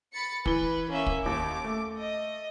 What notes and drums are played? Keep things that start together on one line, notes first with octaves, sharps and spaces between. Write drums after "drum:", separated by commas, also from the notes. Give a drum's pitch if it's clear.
B5 A6 C#7
E3 B4 G7, drum: kick
A#3 C#4 E5
drum: kick
D#2 D6
A3
D#5